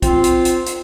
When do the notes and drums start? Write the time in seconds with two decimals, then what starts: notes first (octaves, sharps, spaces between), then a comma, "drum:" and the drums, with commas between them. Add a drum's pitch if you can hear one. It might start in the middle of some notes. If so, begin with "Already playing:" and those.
0.02 C4 F4, drum: kick B1, hi-hat
0.24 drum: hi-hat
0.45 drum: hi-hat
0.66 drum: hi-hat